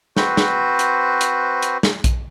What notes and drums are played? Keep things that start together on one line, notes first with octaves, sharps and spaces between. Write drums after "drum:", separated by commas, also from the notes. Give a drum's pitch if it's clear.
C4 F#4 B4 C5, drum: snare
drum: snare
drum: hi-hat
drum: hi-hat
drum: hi-hat
drum: snare
drum: kick A#1, hi-hat